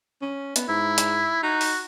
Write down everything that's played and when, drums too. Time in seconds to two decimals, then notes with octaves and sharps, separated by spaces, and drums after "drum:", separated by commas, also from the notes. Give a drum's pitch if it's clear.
0.22 C#4
0.56 B3, drum: hi-hat
0.69 G#2 E4
0.98 drum: hi-hat
1.43 D#4 F#4
1.61 drum: open hi-hat